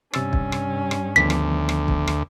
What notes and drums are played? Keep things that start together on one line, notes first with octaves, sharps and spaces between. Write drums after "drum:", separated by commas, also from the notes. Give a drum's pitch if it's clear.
G2 C3 C#4 E6 A6, drum: rim click
drum: kick
drum: rim click
drum: rim click
D2 D#3 F3 B3 B6
drum: rim click
drum: rim click
drum: kick
drum: rim click